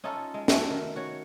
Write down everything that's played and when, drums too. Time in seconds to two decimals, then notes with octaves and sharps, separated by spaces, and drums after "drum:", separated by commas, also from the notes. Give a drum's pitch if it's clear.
0.04 C#4 D#4 F4 A4
0.34 G#3
0.48 A3 C#4 F#4, drum: snare
0.70 D#3
0.96 F#4 C#5